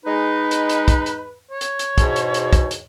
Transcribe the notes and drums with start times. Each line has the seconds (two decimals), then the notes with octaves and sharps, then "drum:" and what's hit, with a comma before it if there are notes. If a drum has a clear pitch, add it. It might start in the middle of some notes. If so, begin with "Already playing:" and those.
0.05 G#3 D#4 B4
0.51 drum: hi-hat
0.69 drum: hi-hat
0.88 drum: kick, hi-hat
1.06 drum: hi-hat
1.51 C#5
1.61 drum: hi-hat
1.79 drum: hi-hat
1.98 E2 G#2 B2, drum: kick, hi-hat
2.16 drum: hi-hat
2.34 drum: hi-hat
2.53 drum: kick, hi-hat
2.71 drum: hi-hat